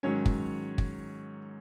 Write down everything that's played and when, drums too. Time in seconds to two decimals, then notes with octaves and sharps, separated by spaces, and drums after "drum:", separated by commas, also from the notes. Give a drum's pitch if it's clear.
0.03 G#2 D#3 F#3 C#4 C#5
0.26 drum: kick
0.78 drum: kick